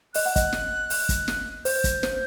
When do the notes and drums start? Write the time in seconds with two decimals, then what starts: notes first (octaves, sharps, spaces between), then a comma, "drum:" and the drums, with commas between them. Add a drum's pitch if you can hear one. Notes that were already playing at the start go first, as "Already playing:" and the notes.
0.14 D#5 F#6, drum: open hi-hat
0.26 F#5
0.36 D#5, drum: kick, hi-hat
0.53 drum: snare
0.90 drum: open hi-hat
1.09 drum: kick, hi-hat
1.28 drum: snare
1.65 C5 G6, drum: open hi-hat
1.84 drum: kick, hi-hat
2.03 C5, drum: snare